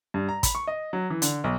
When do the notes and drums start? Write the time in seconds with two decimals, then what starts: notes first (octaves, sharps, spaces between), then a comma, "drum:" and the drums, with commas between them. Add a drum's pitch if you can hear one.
0.14 G2
0.29 A#5
0.43 B5, drum: kick, hi-hat
0.55 C#6
0.67 D#5
0.93 F#3
1.10 E3
1.22 D3, drum: hi-hat
1.44 B1